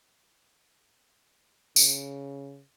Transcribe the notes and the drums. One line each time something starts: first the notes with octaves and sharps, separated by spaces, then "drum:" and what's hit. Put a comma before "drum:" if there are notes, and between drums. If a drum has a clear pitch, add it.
C#3, drum: tambourine